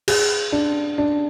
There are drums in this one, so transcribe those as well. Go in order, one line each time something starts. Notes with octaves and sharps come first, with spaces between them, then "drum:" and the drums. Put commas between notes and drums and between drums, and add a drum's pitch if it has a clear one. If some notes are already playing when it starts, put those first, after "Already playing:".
G#4, drum: cymbal
D4
D4